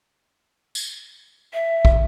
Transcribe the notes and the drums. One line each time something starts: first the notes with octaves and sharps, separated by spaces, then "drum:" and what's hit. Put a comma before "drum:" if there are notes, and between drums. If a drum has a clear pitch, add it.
drum: tambourine
E5
drum: kick